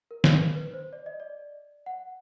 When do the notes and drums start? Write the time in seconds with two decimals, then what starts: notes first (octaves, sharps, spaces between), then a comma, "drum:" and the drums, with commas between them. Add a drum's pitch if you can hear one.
0.11 A#4
0.24 drum: snare
0.36 B4
0.54 B4
0.65 B4
0.74 C5
0.93 D5
1.06 D#5
1.20 D5
1.86 F#5